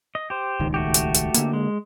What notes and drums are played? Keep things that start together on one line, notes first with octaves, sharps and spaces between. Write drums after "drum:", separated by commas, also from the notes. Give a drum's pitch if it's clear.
D#5
G4 C5
D#1 C#2 D#3
A3 F#4 G4
drum: hi-hat
drum: hi-hat
D3 A#3, drum: hi-hat
G#3